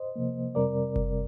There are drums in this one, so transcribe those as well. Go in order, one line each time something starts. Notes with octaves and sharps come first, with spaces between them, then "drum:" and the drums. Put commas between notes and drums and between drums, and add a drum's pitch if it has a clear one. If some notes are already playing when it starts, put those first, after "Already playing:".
Already playing: C5 D#5
C3 F3 A#3
F2 C3 G3 C4 A#4 D5
drum: kick F#1